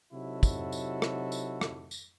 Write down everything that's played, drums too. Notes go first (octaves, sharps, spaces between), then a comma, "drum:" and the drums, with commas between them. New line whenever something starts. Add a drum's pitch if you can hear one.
C3 F#3 D#4 E4 F#4 A4
drum: kick, tambourine
drum: tambourine
drum: rim click
drum: tambourine
drum: rim click
drum: tambourine